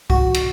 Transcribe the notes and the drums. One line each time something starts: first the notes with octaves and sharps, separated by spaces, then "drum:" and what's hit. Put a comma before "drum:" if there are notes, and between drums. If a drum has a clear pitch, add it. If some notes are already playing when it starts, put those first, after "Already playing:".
F#4, drum: kick C2
drum: cymbal